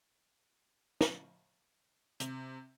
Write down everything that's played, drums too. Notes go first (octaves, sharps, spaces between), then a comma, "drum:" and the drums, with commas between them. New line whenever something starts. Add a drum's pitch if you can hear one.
drum: snare
C3, drum: hi-hat